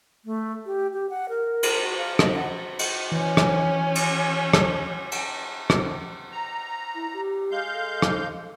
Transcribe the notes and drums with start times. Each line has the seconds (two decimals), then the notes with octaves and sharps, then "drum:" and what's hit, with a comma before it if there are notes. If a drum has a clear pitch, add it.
0.25 A3
0.66 G4
0.93 G4
1.10 F#5
1.29 A#4
1.63 drum: cymbal
1.83 F#4
1.97 F5
2.19 D#5, drum: rim click
2.35 F#5
2.79 drum: cymbal
3.12 E3 C#4 G#5
3.37 drum: rim click
3.95 drum: cymbal
4.54 drum: rim click
5.12 drum: cymbal
5.70 drum: rim click
6.32 A#5
6.95 E4
7.13 G4
7.51 G#3 F5 G6
7.73 A4
8.02 drum: rim click